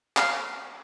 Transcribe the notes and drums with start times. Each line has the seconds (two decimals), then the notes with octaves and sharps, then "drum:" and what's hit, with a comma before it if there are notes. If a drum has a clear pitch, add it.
0.17 F5, drum: clap